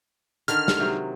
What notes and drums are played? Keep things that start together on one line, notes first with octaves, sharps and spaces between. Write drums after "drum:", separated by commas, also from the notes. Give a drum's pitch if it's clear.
D3 D#3 F6, drum: hi-hat
drum: snare
C3 F#3 G#3